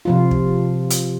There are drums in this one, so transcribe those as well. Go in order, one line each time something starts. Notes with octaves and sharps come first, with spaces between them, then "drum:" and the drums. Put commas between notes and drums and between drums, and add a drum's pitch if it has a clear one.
C3 F3 F4
drum: kick
drum: hi-hat